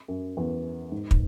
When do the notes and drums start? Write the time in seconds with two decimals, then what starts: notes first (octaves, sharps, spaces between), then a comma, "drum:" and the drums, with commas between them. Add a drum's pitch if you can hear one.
0.08 F#2
0.37 E2
0.92 G#2
1.11 drum: kick